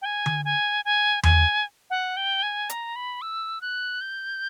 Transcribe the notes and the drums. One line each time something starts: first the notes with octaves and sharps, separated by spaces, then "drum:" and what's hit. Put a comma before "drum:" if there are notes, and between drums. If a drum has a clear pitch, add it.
G5
G#5
drum: tom D3
G#5
G#5
G#5, drum: tom E2
F#5
G5
G#5
A#5, drum: hi-hat
B5
E6
F#6
G6